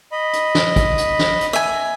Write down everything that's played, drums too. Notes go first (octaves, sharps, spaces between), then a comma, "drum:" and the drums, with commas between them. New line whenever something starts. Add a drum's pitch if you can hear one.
D#5 B5
drum: hi-hat
drum: snare
drum: kick, hi-hat
drum: hi-hat
drum: snare
drum: hi-hat
E5 G#5